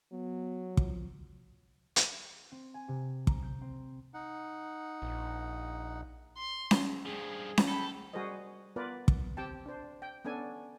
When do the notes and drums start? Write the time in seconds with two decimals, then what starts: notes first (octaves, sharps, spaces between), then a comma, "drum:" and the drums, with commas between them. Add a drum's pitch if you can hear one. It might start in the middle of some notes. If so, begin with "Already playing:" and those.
0.12 F#3 B3
0.77 F3, drum: kick
1.96 drum: hi-hat
2.52 C4
2.74 G#5
2.88 C3
3.27 A#5, drum: kick
3.42 G6
3.61 C4
4.14 D#4 F#5
5.02 A#1
6.37 C6
6.71 drum: snare C#4
7.06 G2 F3 G#4
7.58 drum: snare C#4
7.68 A4 G5 A5 B5
8.13 G3 F#4 G#4 A#4 C5 D#5
8.76 B3 F4 A#4 B4 D5
9.08 drum: kick
9.37 C4 G4 G5 A5
9.66 D4 C5
10.02 G5
10.25 B3 C#4 D4 A4 G#5